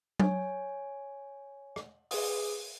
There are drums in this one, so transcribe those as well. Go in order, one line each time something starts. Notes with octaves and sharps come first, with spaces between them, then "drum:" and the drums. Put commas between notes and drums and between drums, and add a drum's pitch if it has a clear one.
C#5 G#5, drum: tom F#3
drum: rim click
G#4 B4 D#6, drum: open hi-hat